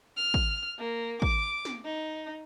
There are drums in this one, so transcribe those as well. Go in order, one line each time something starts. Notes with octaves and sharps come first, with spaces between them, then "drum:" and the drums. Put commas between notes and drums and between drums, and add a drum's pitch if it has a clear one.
F6
drum: kick
A#3
D6, drum: kick
drum: snare
D#4